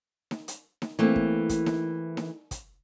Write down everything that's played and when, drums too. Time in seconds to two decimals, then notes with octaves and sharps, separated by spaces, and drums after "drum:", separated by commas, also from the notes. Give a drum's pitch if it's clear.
0.31 drum: snare D#4
0.48 drum: hi-hat
0.82 drum: snare D#4
0.99 E3 A3 A#3 C4
1.16 drum: kick
1.49 drum: kick, hi-hat
1.66 drum: snare D#4
2.17 drum: snare D#4
2.51 drum: kick, hi-hat